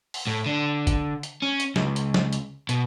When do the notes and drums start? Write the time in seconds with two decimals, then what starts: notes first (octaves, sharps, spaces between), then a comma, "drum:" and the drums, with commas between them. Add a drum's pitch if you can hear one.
0.14 drum: open hi-hat
0.27 A2
0.46 D3
0.87 drum: kick, hi-hat
1.23 drum: hi-hat
1.42 C#4
1.60 drum: hi-hat
1.76 C#2, drum: snare
1.96 drum: hi-hat
2.14 drum: snare
2.33 drum: hi-hat
2.69 B2, drum: hi-hat